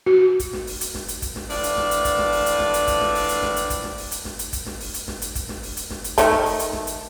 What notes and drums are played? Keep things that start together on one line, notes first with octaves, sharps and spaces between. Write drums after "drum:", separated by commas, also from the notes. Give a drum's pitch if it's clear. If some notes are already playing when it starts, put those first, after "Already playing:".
F#4
drum: kick, hi-hat
drum: snare
drum: open hi-hat
drum: hi-hat
drum: snare
drum: hi-hat
drum: kick, hi-hat
drum: snare
A2 E3 F3 D4 D5, drum: open hi-hat
drum: hi-hat
drum: snare
drum: hi-hat
drum: kick, hi-hat
drum: snare
drum: open hi-hat
drum: hi-hat
drum: snare
drum: hi-hat
drum: kick, hi-hat
drum: snare
drum: open hi-hat
drum: hi-hat
drum: snare
drum: hi-hat
drum: kick, hi-hat
drum: snare
drum: open hi-hat
drum: hi-hat
drum: snare
drum: hi-hat
drum: kick, hi-hat
drum: snare
drum: open hi-hat
drum: hi-hat
drum: snare
drum: hi-hat
drum: kick, hi-hat
drum: snare
drum: open hi-hat
drum: hi-hat
drum: snare
drum: hi-hat
D#3 F3 A3, drum: kick, hi-hat
drum: snare
drum: open hi-hat
drum: hi-hat
drum: snare
drum: hi-hat